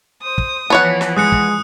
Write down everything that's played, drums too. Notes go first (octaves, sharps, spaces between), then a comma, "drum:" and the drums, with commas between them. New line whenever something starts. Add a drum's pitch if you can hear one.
C5 D#6
drum: kick
E3 F3 B3 C#5 F#5 A5
drum: snare
G#3 D#6 F#6 C#7
drum: kick